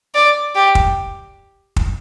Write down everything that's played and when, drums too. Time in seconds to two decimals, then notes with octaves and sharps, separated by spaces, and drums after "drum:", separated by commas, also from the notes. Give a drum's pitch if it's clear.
0.15 D5
0.55 G4
0.75 drum: kick
1.76 drum: kick